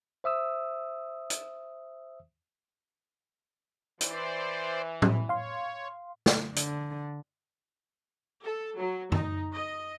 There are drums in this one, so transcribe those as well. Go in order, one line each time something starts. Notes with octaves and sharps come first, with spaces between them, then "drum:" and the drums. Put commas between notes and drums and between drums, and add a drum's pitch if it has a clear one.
C5 E5 D#6 E6
drum: hi-hat
E3 C5 D5, drum: hi-hat
drum: tom A2
C#5 F5 C6
drum: snare
D3, drum: hi-hat
A4
F#3
D#4, drum: tom F#2
D#5